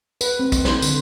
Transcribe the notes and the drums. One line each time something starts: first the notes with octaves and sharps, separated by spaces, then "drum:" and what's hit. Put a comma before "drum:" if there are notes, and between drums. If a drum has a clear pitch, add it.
B4, drum: tambourine
C4
drum: kick, tambourine
C5, drum: snare
D3, drum: tambourine